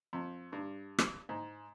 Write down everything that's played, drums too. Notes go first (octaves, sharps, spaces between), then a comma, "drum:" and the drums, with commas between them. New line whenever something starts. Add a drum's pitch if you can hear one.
F2
G2
drum: rim click
G#2